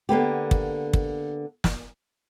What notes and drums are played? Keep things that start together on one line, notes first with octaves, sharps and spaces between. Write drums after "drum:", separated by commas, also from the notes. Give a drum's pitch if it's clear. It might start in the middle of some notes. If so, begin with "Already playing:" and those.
D3 A#3 B3 G4
drum: kick
drum: kick
drum: snare